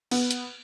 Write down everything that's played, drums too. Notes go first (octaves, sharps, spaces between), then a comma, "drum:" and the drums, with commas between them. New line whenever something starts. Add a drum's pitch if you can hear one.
B3, drum: cymbal
drum: hi-hat